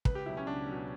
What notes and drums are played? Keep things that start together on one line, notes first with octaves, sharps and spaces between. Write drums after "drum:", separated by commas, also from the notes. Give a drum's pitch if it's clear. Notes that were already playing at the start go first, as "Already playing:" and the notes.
C#2 B4, drum: kick
G4
B2 F#3 E4
C#4
C#2 D4
B2 F#3